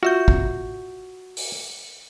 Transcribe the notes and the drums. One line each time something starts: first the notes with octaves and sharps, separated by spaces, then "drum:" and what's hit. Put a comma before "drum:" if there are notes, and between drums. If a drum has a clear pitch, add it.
F4 F#4 E5 G6
drum: kick
drum: open hi-hat